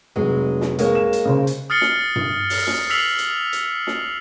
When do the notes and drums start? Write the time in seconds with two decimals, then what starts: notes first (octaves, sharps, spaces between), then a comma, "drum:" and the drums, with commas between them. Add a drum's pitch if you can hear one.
0.16 F1 F#3 G#3
0.61 drum: snare
0.79 G#3 A#3 C#5, drum: hi-hat
0.95 E7
1.13 drum: hi-hat
1.25 C#3 C5
1.47 drum: hi-hat
1.70 D#6 F6 A6 C7 C#7 G7
1.81 drum: snare
2.16 drum: tom G2
2.50 drum: open hi-hat
2.67 drum: snare
2.90 E6 F6 B6 C7 F7 F#7
3.18 drum: hi-hat
3.53 drum: hi-hat
3.87 drum: snare